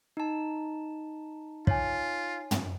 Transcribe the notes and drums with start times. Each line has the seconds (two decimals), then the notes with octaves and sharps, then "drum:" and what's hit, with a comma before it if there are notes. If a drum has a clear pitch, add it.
0.17 D#4 A5
1.67 F4 C#5 G#5, drum: kick
2.51 drum: tom